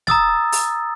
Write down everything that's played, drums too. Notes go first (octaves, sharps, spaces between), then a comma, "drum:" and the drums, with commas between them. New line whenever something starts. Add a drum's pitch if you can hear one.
A#5 D#6 E6 A6, drum: snare
drum: open hi-hat